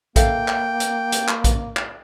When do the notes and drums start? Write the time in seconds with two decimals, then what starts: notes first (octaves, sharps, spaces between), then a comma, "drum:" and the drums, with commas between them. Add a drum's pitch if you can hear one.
0.16 A#3 A4 E5 F5 G5, drum: kick A#1, hi-hat
0.48 drum: clap
0.80 drum: hi-hat
1.12 drum: hi-hat
1.28 drum: clap
1.44 drum: kick A#1, hi-hat
1.76 drum: clap